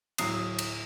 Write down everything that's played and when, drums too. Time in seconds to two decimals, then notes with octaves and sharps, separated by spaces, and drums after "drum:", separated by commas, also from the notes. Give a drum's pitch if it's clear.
0.18 D1 F#3 D#6 C7, drum: cymbal
0.59 drum: cymbal